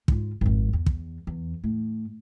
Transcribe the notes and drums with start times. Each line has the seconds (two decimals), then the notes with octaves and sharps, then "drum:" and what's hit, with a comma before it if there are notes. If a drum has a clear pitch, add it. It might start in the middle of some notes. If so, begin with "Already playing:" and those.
0.08 G#2 F4, drum: kick
0.41 G#1 F2
0.73 E2
0.86 drum: kick
1.27 E2
1.64 A2